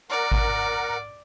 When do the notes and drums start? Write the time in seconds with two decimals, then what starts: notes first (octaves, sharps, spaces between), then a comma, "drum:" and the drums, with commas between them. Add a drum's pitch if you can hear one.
0.10 A#4 D5 F#5
0.32 drum: kick G#1